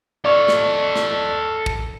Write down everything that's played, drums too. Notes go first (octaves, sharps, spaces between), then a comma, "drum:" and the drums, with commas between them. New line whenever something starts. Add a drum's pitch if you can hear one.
A4 D5 F5 C#6
drum: snare
drum: snare
drum: kick